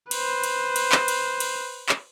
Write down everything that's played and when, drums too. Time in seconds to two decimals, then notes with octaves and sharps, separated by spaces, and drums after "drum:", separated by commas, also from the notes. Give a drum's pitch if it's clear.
0.11 B4 C5, drum: cymbal
0.43 drum: cymbal
0.76 drum: cymbal
0.92 drum: clap
1.08 drum: cymbal
1.40 drum: cymbal
1.89 drum: clap